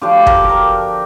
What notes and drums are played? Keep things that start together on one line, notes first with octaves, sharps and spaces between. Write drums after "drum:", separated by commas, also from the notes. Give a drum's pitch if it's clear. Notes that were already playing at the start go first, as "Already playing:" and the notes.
D3 F3 D4 G4
A#4, drum: kick
G4
A#4